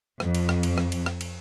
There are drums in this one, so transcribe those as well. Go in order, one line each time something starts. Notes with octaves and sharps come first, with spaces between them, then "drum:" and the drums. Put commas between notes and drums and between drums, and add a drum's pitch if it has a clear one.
F2, drum: rim click
drum: cymbal
drum: rim click
drum: cymbal
drum: rim click
drum: cymbal
drum: rim click
drum: cymbal